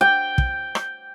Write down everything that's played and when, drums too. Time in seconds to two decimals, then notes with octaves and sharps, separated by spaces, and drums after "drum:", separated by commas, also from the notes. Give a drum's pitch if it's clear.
0.01 G5
0.38 drum: kick
0.75 drum: rim click